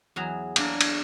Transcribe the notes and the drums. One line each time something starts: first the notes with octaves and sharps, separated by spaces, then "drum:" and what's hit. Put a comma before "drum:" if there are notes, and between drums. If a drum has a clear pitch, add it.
E2 F#3 G#4
A#3 D4, drum: cymbal
drum: cymbal